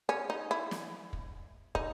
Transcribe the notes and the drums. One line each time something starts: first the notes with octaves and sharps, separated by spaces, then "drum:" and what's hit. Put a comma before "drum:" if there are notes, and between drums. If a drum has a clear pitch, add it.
C#4
D#4
E4
drum: snare
drum: kick
D#4, drum: kick